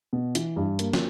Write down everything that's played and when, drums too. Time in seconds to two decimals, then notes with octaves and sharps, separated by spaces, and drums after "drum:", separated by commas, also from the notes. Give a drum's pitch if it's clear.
0.13 B2
0.35 E3, drum: hi-hat
0.56 G2
0.79 A#3, drum: hi-hat
0.93 drum: snare